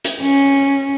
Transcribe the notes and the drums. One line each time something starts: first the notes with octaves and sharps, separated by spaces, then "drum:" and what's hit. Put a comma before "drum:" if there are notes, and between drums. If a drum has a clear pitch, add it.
drum: hi-hat
C#4